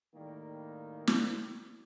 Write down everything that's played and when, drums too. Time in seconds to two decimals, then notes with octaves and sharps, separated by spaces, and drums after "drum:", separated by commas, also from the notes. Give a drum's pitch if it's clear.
0.15 A2 D#3 G3 A#3
1.07 drum: snare